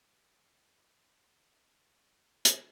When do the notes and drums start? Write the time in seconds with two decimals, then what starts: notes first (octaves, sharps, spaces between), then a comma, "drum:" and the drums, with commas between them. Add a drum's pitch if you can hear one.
0.44 A3
1.40 G4
2.45 drum: hi-hat